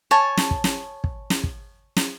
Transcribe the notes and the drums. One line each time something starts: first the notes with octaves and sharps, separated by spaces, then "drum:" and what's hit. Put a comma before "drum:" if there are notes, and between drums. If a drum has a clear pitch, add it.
C#5 G#5 A5
drum: snare
drum: kick
drum: snare
drum: kick
drum: snare
drum: kick
drum: snare